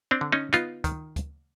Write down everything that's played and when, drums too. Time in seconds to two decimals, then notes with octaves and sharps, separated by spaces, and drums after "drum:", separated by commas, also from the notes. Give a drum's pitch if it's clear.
0.11 C4 D4
0.21 D3
0.32 C#4 D#4
0.53 B3 D#4 F4, drum: hi-hat
0.84 D#3, drum: kick, hi-hat
1.16 drum: kick, hi-hat